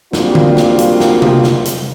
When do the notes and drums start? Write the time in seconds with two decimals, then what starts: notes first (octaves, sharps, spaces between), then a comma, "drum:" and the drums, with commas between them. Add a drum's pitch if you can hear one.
0.13 G3 A#3 C4 D4 F4 F#4, drum: snare
0.35 drum: tom D3
0.57 drum: snare
0.79 drum: hi-hat
1.00 drum: snare
1.22 drum: tom C3
1.44 drum: snare
1.65 drum: hi-hat